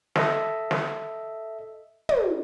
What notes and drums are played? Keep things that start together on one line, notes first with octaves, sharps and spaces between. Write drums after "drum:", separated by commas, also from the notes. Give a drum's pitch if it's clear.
A4 D#5 E5, drum: snare
drum: snare
drum: tom